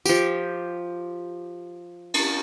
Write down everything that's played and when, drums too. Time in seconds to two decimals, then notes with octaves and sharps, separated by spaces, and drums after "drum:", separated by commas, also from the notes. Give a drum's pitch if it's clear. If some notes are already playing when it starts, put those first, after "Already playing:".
0.06 F3 G4, drum: tambourine
2.14 drum: cymbal